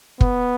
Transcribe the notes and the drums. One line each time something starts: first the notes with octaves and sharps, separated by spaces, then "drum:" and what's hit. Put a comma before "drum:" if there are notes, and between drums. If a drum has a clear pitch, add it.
B3, drum: kick